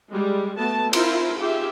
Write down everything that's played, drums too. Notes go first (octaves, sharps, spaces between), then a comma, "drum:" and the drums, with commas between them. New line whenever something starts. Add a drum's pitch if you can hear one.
G3 G#3
A3 B3 F#4 A5
E4 F4 A#4 C5, drum: cymbal
F4 G4 G#4 E5